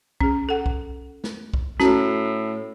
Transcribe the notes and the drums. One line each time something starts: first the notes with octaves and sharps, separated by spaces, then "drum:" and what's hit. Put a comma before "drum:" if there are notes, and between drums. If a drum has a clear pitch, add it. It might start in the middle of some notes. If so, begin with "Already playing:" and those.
C#4 G#4, drum: kick B1
A4 F#5
drum: kick B1
drum: snare
drum: kick B1
A2 C#4 F#4 A5, drum: snare